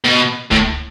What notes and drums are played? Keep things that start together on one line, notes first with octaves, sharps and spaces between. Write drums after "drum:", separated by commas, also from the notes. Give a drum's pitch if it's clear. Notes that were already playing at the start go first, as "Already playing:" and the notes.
B2
A2, drum: kick